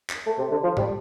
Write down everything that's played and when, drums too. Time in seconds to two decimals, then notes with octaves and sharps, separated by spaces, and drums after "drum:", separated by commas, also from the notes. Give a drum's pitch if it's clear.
0.10 drum: clap
0.26 A3
0.38 C3
0.51 D3
0.63 F3
0.77 G3, drum: tom G#2